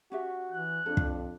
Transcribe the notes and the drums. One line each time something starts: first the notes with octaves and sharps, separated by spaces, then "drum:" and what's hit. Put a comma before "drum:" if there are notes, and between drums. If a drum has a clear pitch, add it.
C#4 F#4 G4 E5
E3 F#6
F2 D4 A4
drum: kick